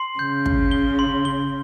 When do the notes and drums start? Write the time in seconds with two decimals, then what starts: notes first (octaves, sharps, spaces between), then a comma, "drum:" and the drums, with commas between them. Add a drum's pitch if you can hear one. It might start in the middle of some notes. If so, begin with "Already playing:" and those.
Already playing: C6 C7
0.19 C#3 G6
0.46 G6, drum: kick
0.71 G7
0.99 C6
1.25 G7